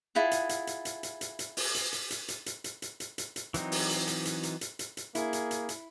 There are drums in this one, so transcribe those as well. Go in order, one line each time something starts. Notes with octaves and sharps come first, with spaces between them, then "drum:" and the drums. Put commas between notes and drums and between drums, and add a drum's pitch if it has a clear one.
E4 F4 G#4 F#5
drum: hi-hat
drum: hi-hat
drum: hi-hat
drum: hi-hat
drum: hi-hat
drum: hi-hat
drum: hi-hat
drum: open hi-hat
drum: hi-hat
drum: hi-hat
drum: hi-hat
drum: hi-hat
drum: hi-hat
drum: hi-hat
drum: hi-hat
drum: hi-hat
drum: hi-hat
drum: hi-hat
E3 F#3 C4 D#4, drum: hi-hat
drum: open hi-hat
drum: hi-hat
drum: hi-hat
drum: hi-hat
drum: hi-hat
drum: hi-hat
drum: hi-hat
drum: hi-hat
A#3 E4 G#4, drum: hi-hat
drum: hi-hat
drum: hi-hat
drum: hi-hat